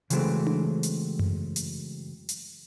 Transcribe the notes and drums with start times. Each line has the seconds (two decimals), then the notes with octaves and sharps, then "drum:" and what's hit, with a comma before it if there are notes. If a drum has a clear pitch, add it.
0.10 C#3 E3 F#3 G#3 A3 C4, drum: hi-hat
0.47 drum: tom D4
0.83 drum: hi-hat
1.19 drum: tom F#2
1.56 drum: hi-hat
2.29 drum: hi-hat